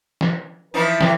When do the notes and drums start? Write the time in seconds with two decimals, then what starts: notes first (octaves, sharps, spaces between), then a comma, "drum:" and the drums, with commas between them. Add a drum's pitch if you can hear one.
0.21 drum: snare
0.74 E3 F3 D#4 B4
1.01 A2 E3, drum: snare